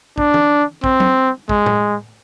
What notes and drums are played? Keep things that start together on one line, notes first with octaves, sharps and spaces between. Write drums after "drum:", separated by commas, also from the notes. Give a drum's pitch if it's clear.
D4, drum: kick
drum: tom
C4, drum: kick
drum: tom F#3
G#3, drum: kick
drum: tom A2